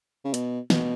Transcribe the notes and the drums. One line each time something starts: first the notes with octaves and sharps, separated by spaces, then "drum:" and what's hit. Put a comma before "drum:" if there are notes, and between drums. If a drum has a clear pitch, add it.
C#3
B2, drum: hi-hat
B2, drum: snare